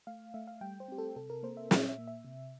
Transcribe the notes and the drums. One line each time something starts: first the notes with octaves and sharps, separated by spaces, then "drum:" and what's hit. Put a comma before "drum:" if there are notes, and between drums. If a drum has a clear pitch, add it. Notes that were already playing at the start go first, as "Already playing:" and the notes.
A3 F5
A3 E5
F5
G3 G5
C5
C4 G4
A4
C3 A4
A#4
A#3 C5
E5
A#2 E5, drum: snare
E5
A#3
E5
C3